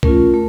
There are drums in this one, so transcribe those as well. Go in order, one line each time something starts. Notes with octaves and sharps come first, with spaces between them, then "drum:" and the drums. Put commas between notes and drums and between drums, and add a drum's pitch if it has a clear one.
A3 C#4 F4 A#4, drum: kick
A3